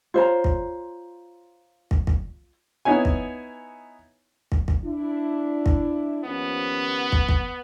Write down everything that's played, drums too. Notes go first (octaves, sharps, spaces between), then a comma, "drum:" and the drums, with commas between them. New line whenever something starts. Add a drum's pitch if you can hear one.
F4 C5 C#5 A#5
drum: kick
drum: kick
drum: kick
B3 D#4 E4 C#5 G#5
drum: kick
drum: kick
drum: kick
D4 E4
drum: kick
D#2 F3 B3 C#4
drum: kick
drum: kick